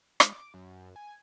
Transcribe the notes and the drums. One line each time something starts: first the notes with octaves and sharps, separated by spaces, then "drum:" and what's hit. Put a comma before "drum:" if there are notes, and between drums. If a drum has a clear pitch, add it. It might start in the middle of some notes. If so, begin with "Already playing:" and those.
G#3, drum: rim click
D6
F#2
G#5